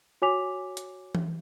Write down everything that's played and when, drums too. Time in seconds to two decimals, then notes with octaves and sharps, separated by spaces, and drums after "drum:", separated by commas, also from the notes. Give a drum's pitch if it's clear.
0.22 F#4 C#5 G#5 D6 B6 F7
0.77 drum: hi-hat
1.15 drum: tom E3